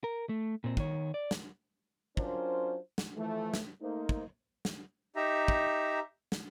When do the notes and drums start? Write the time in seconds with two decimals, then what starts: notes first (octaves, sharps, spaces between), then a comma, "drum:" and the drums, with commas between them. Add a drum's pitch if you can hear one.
0.04 A#4
0.29 A3
0.64 A#2 C4
0.77 D#3 C#5, drum: kick
1.14 D5
1.31 drum: snare
2.17 F#3 C#4 D4 F4 A#4 C5, drum: kick
2.98 drum: snare
3.16 E3 F3 A3
3.54 drum: snare
3.81 A3 A#3 D#4 C5
4.09 drum: kick
4.65 drum: snare
5.16 D#4 G4 E5 A#5
5.48 drum: kick
6.32 drum: snare